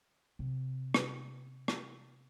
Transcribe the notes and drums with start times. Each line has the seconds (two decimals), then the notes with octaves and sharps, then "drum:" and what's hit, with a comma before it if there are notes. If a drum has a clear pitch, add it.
0.39 C3
0.94 drum: rim click
1.68 drum: rim click